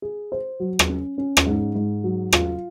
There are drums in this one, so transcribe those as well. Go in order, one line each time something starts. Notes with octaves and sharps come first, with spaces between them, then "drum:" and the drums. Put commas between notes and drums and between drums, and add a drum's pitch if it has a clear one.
G#4
C5
F#3
drum: rim click
C#4
C#4
drum: rim click
G#2
G#2
F#3
F4, drum: rim click